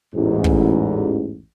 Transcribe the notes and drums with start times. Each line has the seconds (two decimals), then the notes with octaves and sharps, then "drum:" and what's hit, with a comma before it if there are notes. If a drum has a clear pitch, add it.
0.15 A1 E2 G#2
0.44 drum: kick